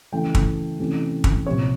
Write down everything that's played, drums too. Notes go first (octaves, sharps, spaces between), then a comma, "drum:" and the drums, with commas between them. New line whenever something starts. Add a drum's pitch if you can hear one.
C#3 E3 A3 G5
drum: kick
C3 E3 A3 C#4
drum: kick
C2 A#2 F3 C#5